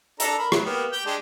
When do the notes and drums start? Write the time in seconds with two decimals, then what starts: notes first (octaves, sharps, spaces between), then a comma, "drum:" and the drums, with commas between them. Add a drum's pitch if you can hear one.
0.20 D4 A4 A#5, drum: hi-hat
0.39 A#4 B5
0.52 F#3, drum: rim click
0.65 A#3 B3 G4
0.92 G4 G5
1.06 G#3 D4 G4